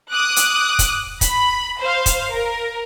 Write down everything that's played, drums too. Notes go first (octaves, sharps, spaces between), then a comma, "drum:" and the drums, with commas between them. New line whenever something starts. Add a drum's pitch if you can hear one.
D6 D#6 F#6
drum: hi-hat
drum: kick, hi-hat
B5, drum: kick, hi-hat
C5 F5
drum: kick, hi-hat
A#4